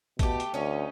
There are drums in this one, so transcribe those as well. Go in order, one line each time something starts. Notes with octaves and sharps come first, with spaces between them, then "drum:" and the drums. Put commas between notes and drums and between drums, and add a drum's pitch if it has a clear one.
B2 A3 G4, drum: kick, hi-hat
drum: hi-hat
D2 C#4 D#4